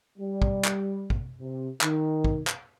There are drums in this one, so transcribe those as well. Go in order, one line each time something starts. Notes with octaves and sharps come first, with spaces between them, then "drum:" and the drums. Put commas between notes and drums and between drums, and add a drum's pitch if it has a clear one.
G3
drum: kick
drum: clap
drum: kick
C3
D#3, drum: clap
drum: kick
drum: clap